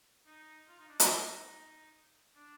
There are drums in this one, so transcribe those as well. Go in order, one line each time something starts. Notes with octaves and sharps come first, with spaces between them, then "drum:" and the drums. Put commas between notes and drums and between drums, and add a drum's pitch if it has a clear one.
D#4
F4
D#4
D4
D#4, drum: hi-hat
D4